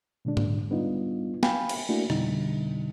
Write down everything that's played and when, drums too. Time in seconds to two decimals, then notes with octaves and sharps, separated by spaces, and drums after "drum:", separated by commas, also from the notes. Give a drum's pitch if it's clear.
0.25 A#2 D3 G#3 D4
0.37 drum: tom G#2
0.70 G3 B3 D4 D#4 F4
1.43 F5 G5 G#5 B5, drum: snare
1.69 drum: cymbal
1.89 A3 A#3 D4 E4 F#4
2.10 F2 B2 D3 G3 D#4, drum: rim click